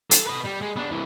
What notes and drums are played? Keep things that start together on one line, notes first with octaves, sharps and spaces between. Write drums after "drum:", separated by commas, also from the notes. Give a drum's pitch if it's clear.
A4, drum: hi-hat
B4 D#5
G3
G#3
B3 D4
C2 E3